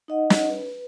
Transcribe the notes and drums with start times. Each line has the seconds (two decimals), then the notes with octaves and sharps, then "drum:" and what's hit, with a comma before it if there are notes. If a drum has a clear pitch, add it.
0.08 D#4 D#5 F#5
0.30 drum: snare
0.48 B4